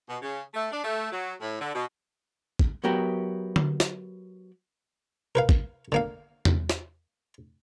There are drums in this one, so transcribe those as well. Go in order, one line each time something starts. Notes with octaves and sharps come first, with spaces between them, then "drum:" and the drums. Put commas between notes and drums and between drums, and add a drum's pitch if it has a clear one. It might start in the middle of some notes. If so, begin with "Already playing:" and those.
B2
C#3
A3
D4
A3
F#3
A2
D3
B2
drum: kick
F#3 B3 G4 A#4 E5
drum: tom D3
drum: snare
A#4 B4 F5
drum: kick
D3 A#3 F5
drum: tom E2
drum: snare